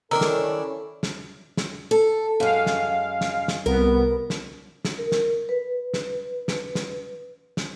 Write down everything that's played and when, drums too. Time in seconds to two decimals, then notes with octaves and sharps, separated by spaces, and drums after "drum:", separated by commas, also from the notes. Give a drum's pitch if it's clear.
0.11 D#3 C#4 D4 E4 A4 A#4 A#5 E6
0.21 drum: snare
1.03 drum: snare
1.57 drum: snare
1.91 A4
2.40 F#2 G#3 F5
2.66 drum: snare
3.21 drum: snare
3.48 drum: snare
3.66 C2 B3 A#4
4.30 drum: snare
4.85 drum: snare
4.98 A#4
5.12 drum: snare
5.49 B4
5.94 drum: snare
6.48 drum: snare
6.75 drum: snare
7.57 drum: snare